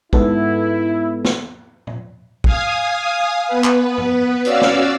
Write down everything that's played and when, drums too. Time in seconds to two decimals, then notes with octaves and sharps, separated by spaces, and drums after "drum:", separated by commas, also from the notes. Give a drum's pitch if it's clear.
0.13 G#2 B3 E4 A4, drum: kick
1.25 drum: snare
1.87 drum: tom A#2
2.44 F5 G#5 D#6, drum: kick
3.48 B3 B4
3.64 drum: clap
3.98 drum: tom G2
4.45 C#4 F#4 D5 F5 E6, drum: hi-hat
4.61 drum: snare